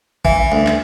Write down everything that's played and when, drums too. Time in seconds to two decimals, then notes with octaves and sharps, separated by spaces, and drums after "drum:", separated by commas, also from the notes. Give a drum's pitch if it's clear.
0.25 E3, drum: kick A1
0.52 D2
0.67 drum: clap